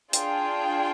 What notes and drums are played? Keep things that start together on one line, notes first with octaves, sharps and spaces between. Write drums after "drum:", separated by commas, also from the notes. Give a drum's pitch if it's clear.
D4 F4 G#4 G5, drum: hi-hat